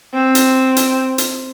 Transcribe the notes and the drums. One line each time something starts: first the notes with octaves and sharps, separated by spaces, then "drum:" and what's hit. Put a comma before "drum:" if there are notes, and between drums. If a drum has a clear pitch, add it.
C4
drum: hi-hat
drum: hi-hat
drum: hi-hat